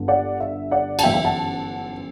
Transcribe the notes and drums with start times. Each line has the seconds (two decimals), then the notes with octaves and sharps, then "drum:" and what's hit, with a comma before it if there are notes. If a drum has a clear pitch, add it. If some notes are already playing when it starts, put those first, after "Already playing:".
Already playing: G1 G2 D3
0.08 D5 F#5
0.40 E5
0.71 D5 F#5
0.99 A5, drum: cymbal
1.03 G1 F#2 E3 E5 G5
1.14 E5 G5
1.24 F#5 A5